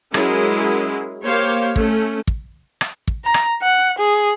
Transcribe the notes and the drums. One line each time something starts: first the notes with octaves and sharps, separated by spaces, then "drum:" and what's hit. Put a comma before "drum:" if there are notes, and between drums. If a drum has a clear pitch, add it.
F#3 G#3 C#4 E4 G#4 A#4, drum: rim click
A#3 G4 C5 C#5 F5
A3 C#4, drum: kick
drum: kick
drum: rim click
drum: kick
A#5
drum: rim click
F#5
G#4